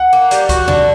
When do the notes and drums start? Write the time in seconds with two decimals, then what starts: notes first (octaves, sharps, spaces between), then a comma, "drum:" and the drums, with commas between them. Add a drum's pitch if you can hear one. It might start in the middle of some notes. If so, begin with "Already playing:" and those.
Already playing: F#5
0.13 A#3
0.31 G3, drum: hi-hat
0.49 F#4, drum: kick, hi-hat
0.68 D3, drum: tom E2